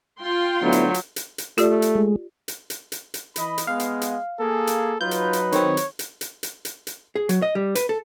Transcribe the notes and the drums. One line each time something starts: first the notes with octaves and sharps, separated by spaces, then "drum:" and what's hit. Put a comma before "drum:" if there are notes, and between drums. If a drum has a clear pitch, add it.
F4 G5 C6
D2 F#3 B3 E4
drum: hi-hat
drum: hi-hat
drum: hi-hat
drum: hi-hat
A3 F4 G4 D5, drum: hi-hat
drum: hi-hat
G#3
drum: hi-hat
drum: hi-hat
drum: hi-hat
drum: hi-hat
E3 D#5 B5, drum: hi-hat
drum: hi-hat
G#3 B3 F5
drum: hi-hat
drum: hi-hat
A#3 G#4 A4
drum: hi-hat
F#3 D#4 F4 B4 G6
drum: hi-hat
drum: hi-hat
D#3 C4 C#5, drum: hi-hat
drum: hi-hat
drum: hi-hat
drum: hi-hat
drum: hi-hat
drum: hi-hat
drum: hi-hat
G#4
F#3, drum: hi-hat
D#5
G3
B4, drum: hi-hat
A4